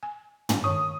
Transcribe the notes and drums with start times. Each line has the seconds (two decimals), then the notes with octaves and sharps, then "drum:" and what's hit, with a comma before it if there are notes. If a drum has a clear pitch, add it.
0.03 G#5
0.49 drum: tom
0.64 D#3 C#5 C#6 D#6